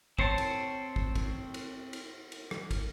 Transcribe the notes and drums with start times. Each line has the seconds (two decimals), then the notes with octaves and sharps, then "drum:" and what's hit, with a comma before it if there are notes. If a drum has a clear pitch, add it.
0.19 C4 C5 C#5 A5, drum: kick
0.38 drum: cymbal
0.96 drum: kick
1.15 drum: kick, cymbal
1.54 drum: cymbal
1.93 drum: cymbal
2.32 drum: cymbal
2.51 drum: rim click
2.71 drum: kick, cymbal